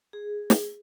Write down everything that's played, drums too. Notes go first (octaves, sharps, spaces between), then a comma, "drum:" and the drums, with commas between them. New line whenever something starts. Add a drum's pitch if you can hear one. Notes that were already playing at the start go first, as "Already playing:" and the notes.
G#4
drum: snare